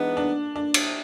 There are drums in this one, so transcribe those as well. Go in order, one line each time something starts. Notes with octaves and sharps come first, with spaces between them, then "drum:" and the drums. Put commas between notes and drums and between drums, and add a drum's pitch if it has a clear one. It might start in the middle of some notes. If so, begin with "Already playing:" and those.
Already playing: E3 G#3 B3 D4 D#4
D4
D4
drum: cymbal